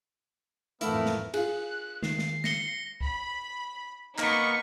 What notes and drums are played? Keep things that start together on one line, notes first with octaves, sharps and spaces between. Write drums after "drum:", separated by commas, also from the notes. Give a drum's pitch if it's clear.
F2 A2 E3 A3 B3 E4 A#4 F5, drum: hi-hat
drum: snare
F4 G#4 F#6, drum: cymbal
D#3 C7, drum: snare
drum: snare
A#6 C#7 G7, drum: snare
B5, drum: kick C#2
A#3 B3 D#4 C#6, drum: clap